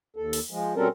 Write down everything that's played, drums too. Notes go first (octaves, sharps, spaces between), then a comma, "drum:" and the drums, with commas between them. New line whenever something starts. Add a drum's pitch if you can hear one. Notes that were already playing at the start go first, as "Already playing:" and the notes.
D#2 A4
drum: open hi-hat
F3 G#3
B2 G3 C4 C#4 A4 A#4